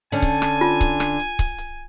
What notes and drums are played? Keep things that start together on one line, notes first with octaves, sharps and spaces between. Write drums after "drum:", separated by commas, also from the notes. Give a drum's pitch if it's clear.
D3 C#4 G#5
drum: kick C#1, hi-hat
drum: rim click
F4, drum: hi-hat
drum: kick C#1, hi-hat
drum: rim click
drum: hi-hat
drum: kick C#1, hi-hat
drum: hi-hat